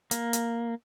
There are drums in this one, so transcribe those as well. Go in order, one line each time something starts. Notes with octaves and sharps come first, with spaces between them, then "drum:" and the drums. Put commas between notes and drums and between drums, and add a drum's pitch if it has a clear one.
A#3, drum: hi-hat
drum: hi-hat